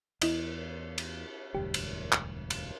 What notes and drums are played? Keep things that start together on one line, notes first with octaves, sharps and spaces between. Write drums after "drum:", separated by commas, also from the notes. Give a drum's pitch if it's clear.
E2 E4 D#5, drum: cymbal
drum: cymbal
E1 D2 G2 G4
drum: cymbal
drum: clap
drum: cymbal